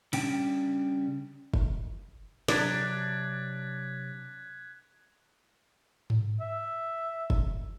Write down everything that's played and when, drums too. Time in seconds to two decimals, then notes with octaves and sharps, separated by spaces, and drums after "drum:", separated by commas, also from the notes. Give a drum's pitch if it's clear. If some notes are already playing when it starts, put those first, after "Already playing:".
0.13 C#3 G3 C#4 D4 G5, drum: cymbal
1.54 drum: kick
2.48 C3 F#3 D4 F#6 G#6 B6, drum: snare
6.10 drum: tom G#2
6.41 E5
7.30 drum: kick